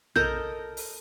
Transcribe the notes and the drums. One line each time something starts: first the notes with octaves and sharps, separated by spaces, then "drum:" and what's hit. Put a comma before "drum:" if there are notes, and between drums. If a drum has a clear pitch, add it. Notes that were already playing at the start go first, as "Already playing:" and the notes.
A4 A#4 D#5 G6, drum: tom A#1
drum: open hi-hat